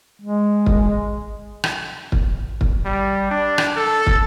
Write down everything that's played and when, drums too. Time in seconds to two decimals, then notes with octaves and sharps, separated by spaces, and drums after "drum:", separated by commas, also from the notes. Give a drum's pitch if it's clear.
0.22 G#3
0.66 drum: kick
1.64 drum: rim click
2.12 drum: kick
2.61 drum: kick
2.85 G3
3.31 D4
3.58 drum: rim click
3.76 A4
4.07 drum: kick